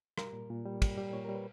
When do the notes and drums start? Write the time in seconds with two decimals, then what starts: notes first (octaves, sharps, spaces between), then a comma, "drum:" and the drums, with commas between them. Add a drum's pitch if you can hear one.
0.18 G3 A#4, drum: rim click
0.33 A#2
0.50 A#2
0.65 G3
0.82 G3, drum: kick, cymbal
0.97 G3
1.13 A#2 C#5
1.25 G3 A#4
1.35 B4